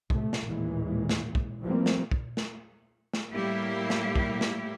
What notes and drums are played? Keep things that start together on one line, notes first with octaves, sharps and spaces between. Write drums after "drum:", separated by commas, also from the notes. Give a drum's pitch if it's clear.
A2 C3 A3, drum: kick
drum: snare
A1 D#2 A#2 E3 G#3
drum: snare
drum: kick
E3 F3 G3 A3 A#3 C4
drum: snare
drum: kick
drum: snare
drum: snare
A2 G3 A#3 E4 G4
drum: snare
drum: kick
drum: snare